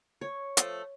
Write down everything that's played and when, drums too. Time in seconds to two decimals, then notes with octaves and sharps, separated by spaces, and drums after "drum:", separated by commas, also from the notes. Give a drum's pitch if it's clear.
0.21 C#5
0.57 F3 A3, drum: hi-hat